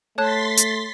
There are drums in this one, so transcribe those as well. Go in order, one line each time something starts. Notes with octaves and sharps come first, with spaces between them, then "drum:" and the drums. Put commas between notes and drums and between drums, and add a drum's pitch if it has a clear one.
A3 C#5 A5 C6 F#6 A6 B6
drum: hi-hat